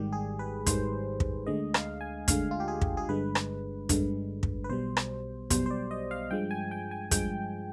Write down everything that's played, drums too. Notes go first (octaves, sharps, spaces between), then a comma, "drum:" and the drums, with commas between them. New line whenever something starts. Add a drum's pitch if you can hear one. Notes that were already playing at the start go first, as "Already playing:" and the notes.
Already playing: G#1 G#2 D#3 G3 G4
G#4
B4
G#1 G#2 D#3 G3 C5, drum: kick, hi-hat
drum: kick
D2 D3 G#3 D#5
F5, drum: rim click
G#5
D2 D3 G#3 F5, drum: kick, hi-hat
F4
G4
G#4
drum: kick
G#4
G1 G2 D3 G#3 B4
drum: rim click
G1 G2 D3 G#3, drum: kick, hi-hat
drum: kick
B4
B1 B2 G3 C5
drum: rim click
B1 B2 G3 C5, drum: kick, hi-hat
C5
D5
D#5
F5
G2 F3 G#3 G5
G#5
G5
G#5
G2 F3 G#3 G5, drum: kick, hi-hat